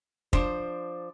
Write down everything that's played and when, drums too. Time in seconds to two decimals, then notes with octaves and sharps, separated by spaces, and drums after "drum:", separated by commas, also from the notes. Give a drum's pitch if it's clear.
0.33 F3 D4 C5, drum: kick